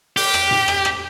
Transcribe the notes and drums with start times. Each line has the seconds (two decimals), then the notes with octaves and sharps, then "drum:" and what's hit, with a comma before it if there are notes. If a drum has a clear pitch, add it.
0.17 G4, drum: open hi-hat
0.34 drum: rim click
0.51 drum: tom G#2
0.68 drum: rim click
0.85 drum: rim click